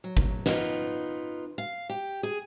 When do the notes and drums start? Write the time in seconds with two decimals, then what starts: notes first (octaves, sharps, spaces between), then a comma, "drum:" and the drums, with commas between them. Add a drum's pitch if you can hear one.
0.04 F#3
0.17 drum: kick G1
0.46 B3 D#4 F4, drum: snare
1.58 F5
1.89 G4
2.23 G#4